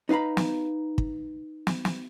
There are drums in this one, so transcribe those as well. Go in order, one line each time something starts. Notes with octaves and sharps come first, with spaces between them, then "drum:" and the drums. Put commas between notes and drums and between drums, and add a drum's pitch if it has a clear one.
D#4 B4 F5 A#5 B5
drum: snare
drum: kick
drum: snare
drum: snare